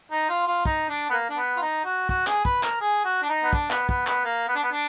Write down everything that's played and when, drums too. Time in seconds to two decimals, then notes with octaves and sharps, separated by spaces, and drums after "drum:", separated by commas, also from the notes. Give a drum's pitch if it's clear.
0.12 D#4
0.29 F4
0.47 F4
0.65 D#4, drum: kick
0.89 D4
1.10 B3
1.13 A#3
1.30 D4
1.37 B3
1.57 F4
1.62 D#4
1.85 F#4
2.09 F#4, drum: kick
2.27 G#4, drum: clap
2.45 B4, drum: kick
2.63 A#4, drum: clap
2.81 G#4
3.05 F#4
3.23 D4
3.29 D#4
3.44 B3
3.53 D4, drum: kick
3.70 B3, drum: clap
3.89 B3, drum: kick
4.07 B3, drum: clap
4.25 A#3
4.48 B3
4.56 D4
4.63 B3
4.72 D4